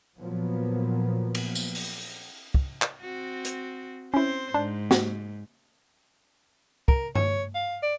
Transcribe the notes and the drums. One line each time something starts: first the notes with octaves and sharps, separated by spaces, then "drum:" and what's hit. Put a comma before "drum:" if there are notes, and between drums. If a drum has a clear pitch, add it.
A#2 F3 F#3 A#3 B3
drum: cymbal
drum: tambourine
drum: open hi-hat
drum: kick
drum: clap
C4 F#4
drum: hi-hat
C4 C#4 E4 C5
G#2 D4
F#4, drum: snare
A#4, drum: kick
C#5, drum: tom G2
F5
D5